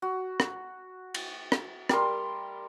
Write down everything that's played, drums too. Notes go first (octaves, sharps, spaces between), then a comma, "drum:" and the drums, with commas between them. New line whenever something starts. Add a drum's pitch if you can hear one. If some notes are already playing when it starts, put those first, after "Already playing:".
F#4
drum: rim click
drum: cymbal
drum: rim click
G3 A#4 C6, drum: rim click